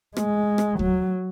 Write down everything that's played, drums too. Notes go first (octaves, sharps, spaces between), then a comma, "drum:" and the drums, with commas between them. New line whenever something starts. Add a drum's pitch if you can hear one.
G#3, drum: rim click
drum: rim click
F#3, drum: kick